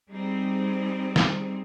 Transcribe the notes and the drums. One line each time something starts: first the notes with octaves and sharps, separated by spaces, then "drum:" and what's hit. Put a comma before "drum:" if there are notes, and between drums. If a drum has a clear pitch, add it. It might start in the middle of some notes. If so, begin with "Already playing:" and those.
G3 C4 D#4 G#4
drum: snare